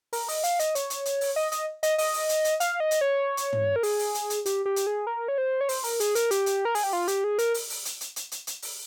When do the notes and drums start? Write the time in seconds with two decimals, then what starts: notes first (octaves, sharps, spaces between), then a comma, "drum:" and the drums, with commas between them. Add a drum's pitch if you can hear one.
0.13 A#4, drum: open hi-hat
0.29 D#5, drum: open hi-hat
0.44 F5, drum: hi-hat
0.60 D#5, drum: hi-hat
0.75 C#5, drum: hi-hat
0.90 drum: hi-hat
1.05 drum: hi-hat
1.21 drum: open hi-hat
1.36 D#5
1.52 D#5, drum: hi-hat
1.83 D#5, drum: hi-hat
1.98 D#5, drum: open hi-hat
2.14 drum: open hi-hat
2.29 drum: hi-hat
2.45 drum: hi-hat
2.60 F5, drum: hi-hat
2.80 D#5
2.91 drum: hi-hat
3.01 C#5
3.37 drum: hi-hat
3.53 drum: tom
3.76 A#4
3.83 G#4, drum: open hi-hat
3.99 drum: open hi-hat
4.14 drum: hi-hat
4.30 drum: hi-hat
4.46 G4, drum: hi-hat
4.66 G4
4.76 drum: hi-hat
4.87 G#4
5.07 A#4
5.28 C#5
5.38 C5
5.61 C#5
5.69 C5, drum: open hi-hat
5.84 A#4, drum: open hi-hat
6.00 G#4, drum: hi-hat
6.15 A#4, drum: hi-hat
6.31 G4, drum: hi-hat
6.46 drum: hi-hat
6.65 A#4
6.75 G#4, drum: open hi-hat
6.84 G4
6.93 F4
7.08 G4, drum: hi-hat
7.24 G#4
7.38 A#4, drum: hi-hat
7.54 drum: open hi-hat
7.70 drum: open hi-hat
7.85 drum: hi-hat
8.01 drum: hi-hat
8.16 drum: hi-hat
8.32 drum: hi-hat
8.47 drum: hi-hat
8.62 drum: open hi-hat